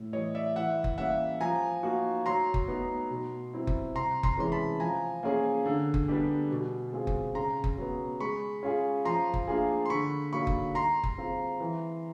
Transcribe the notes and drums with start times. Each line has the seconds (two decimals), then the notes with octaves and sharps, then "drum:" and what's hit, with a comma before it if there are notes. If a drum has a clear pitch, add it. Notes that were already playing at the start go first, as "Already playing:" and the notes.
Already playing: A2
0.13 E3 G3 C#5 D#5
0.35 D5 E5
0.55 E3 E5 F#5
0.84 drum: kick F#1
0.98 G3 A#3 C#4 E5 F#5
1.41 F3 G#5 A#5
1.83 A#3 D#4 F#4
2.26 F#3 A#5 C6
2.54 drum: kick F#1
2.68 B3 D#4
3.11 B2
3.53 G3 C4 E4
3.67 drum: kick F#1
3.95 C3 A#5 C6
4.23 A#5 C6, drum: kick F#1
4.37 E3 G#3 C#4 C6
4.52 A5 B5
4.80 F3 G#5 A#5
5.23 A#3 C#4 F4 G#4
5.66 D3
5.94 drum: kick F#1
6.08 G3 B3 D4 G4
6.51 B2
6.92 G#3 C4 F4 G#4
7.07 drum: kick F#1
7.35 C#3 A#5 C6
7.64 drum: kick F#1
7.77 F#3 B3
8.20 G#3 B5 C#6
8.63 C#4 F4 G#4
9.05 F3 A#5 C6
9.34 drum: kick F#1
9.47 A#3 D4 F4 G#4
9.86 C6
9.90 D3 B5 C#6
10.33 F#3 A#3 D#4 B5 C#6
10.47 drum: kick F#1
10.75 G3 A#5 C6
11.04 drum: kick F#1
11.18 C4 F4 G#4
11.60 E3